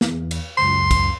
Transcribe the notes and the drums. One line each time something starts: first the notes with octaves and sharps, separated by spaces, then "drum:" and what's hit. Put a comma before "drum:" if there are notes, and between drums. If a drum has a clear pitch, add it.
E2, drum: snare
drum: cymbal
C#2 F#2 C6
drum: kick, cymbal